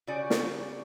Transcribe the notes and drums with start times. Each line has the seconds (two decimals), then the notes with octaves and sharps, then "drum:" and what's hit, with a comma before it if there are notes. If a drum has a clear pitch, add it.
0.07 C#3 G3 F#4 D5 G#5
0.30 drum: snare